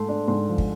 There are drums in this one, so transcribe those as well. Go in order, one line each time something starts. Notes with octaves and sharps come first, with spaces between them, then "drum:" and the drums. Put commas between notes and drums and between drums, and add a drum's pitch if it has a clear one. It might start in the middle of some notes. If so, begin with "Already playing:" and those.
Already playing: G#2 A3 C6
D4
G#2 C6
F3
drum: kick